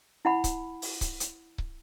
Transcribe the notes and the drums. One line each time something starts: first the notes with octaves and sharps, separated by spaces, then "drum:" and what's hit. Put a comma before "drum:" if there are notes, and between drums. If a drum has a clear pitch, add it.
E4 F#5 B5
drum: kick C#1, hi-hat
drum: open hi-hat
drum: kick C#1, hi-hat
drum: hi-hat
drum: kick C#1